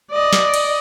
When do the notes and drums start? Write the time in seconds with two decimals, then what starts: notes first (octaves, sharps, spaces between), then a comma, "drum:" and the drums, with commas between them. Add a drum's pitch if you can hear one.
0.12 D5 D#5
0.33 drum: snare
0.54 drum: cymbal